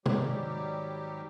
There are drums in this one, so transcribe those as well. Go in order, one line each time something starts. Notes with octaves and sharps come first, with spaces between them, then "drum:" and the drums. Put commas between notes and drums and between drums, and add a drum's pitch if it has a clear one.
G#2 D#3 F#3 G3 G4, drum: tom